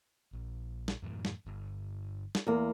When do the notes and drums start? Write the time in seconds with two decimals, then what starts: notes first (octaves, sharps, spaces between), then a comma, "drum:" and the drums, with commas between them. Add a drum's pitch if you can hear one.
0.33 A#1
0.88 drum: snare
1.02 F#2 A2 E3
1.25 drum: snare
1.46 G1
2.35 drum: snare
2.47 E2 A#3